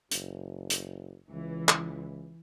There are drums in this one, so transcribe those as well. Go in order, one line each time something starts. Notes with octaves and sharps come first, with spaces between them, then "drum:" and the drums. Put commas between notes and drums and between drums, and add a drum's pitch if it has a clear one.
F#1, drum: hi-hat
drum: hi-hat
C#2 E3
drum: clap